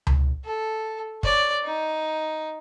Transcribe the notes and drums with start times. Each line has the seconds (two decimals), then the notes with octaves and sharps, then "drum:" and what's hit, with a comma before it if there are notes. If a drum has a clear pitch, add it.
0.07 drum: tom C#2
0.45 A4
1.23 C#5 D5, drum: kick
1.64 D#4